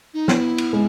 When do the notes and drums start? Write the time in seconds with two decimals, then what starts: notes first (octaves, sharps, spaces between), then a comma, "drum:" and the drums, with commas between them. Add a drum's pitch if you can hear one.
0.14 D#4
0.28 B3 E4, drum: snare
0.58 drum: cymbal
0.73 G#3